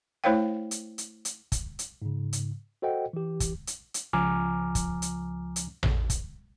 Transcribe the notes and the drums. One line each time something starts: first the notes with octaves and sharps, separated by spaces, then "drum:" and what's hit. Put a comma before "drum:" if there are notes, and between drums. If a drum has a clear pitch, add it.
A3 E4 C5 C#5 F5 G5
drum: hi-hat
drum: hi-hat
drum: hi-hat
drum: kick, hi-hat
drum: hi-hat
G#2 C#3
drum: hi-hat
F#4 A4 C5 D#5 F#5 G5
E3 G4
drum: kick, hi-hat
drum: hi-hat
drum: hi-hat
C#2 F3 G#5 A#5 D6 F6
drum: kick, hi-hat
drum: hi-hat
drum: hi-hat
drum: tom A1
drum: kick, hi-hat